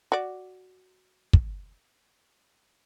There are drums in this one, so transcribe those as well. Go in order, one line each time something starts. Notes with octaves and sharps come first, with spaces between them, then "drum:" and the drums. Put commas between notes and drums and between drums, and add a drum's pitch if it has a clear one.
F#4 D5
drum: kick